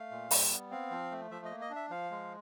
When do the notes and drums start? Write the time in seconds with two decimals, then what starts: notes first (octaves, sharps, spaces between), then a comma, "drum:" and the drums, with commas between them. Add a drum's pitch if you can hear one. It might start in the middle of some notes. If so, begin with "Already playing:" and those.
Already playing: A3 F5
0.11 A#2
0.31 G3, drum: open hi-hat
0.51 B3
0.71 C4 F5
0.91 F3
1.11 A3
1.31 F3 E5
1.45 D#5
1.51 A#3
1.61 D#5
1.70 D4
1.76 E5
1.90 F3 F5
2.11 G#3